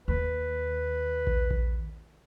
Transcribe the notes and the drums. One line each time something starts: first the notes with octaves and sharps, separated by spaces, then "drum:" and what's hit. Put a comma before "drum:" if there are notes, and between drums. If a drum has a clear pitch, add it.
D#2 B4
drum: kick A#1
drum: kick A#1